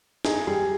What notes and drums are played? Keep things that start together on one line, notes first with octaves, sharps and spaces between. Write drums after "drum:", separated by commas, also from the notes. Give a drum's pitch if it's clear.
D#4 G#4, drum: snare
G3 G#4